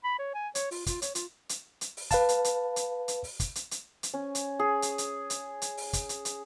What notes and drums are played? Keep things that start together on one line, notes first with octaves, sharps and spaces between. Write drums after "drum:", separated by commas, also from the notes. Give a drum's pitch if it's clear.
B5
C#5
G#5
C#5, drum: hi-hat
F4, drum: open hi-hat
F4, drum: kick, hi-hat
C#5, drum: hi-hat
F4, drum: hi-hat
drum: hi-hat
drum: hi-hat
drum: open hi-hat
B4 F5 A5, drum: kick, hi-hat
drum: hi-hat
drum: hi-hat
drum: hi-hat
drum: hi-hat
drum: open hi-hat
drum: kick, hi-hat
drum: hi-hat
drum: hi-hat
drum: hi-hat
C#4
drum: hi-hat
G#4
drum: hi-hat
drum: hi-hat
drum: hi-hat
drum: hi-hat
drum: open hi-hat
drum: kick, hi-hat
drum: hi-hat
drum: hi-hat